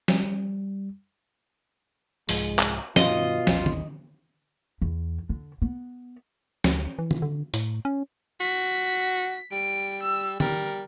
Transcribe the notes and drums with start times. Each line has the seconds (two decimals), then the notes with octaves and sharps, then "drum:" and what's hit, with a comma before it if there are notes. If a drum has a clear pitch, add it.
0.08 G3, drum: snare
2.29 C2 G#2 F3 G#3, drum: open hi-hat
2.59 drum: clap
2.96 G2 B2 D#3 F4 D#5, drum: snare
3.47 A#1 E2, drum: snare
3.66 drum: tom
4.82 E2
5.29 D3
5.62 B3
6.64 D2, drum: snare
6.99 E3
7.11 drum: tom
7.22 D3
7.54 A2, drum: hi-hat
7.85 C#4
8.40 F#4 B6
9.52 G3 D7
10.02 E6
10.40 G3 A#4, drum: tom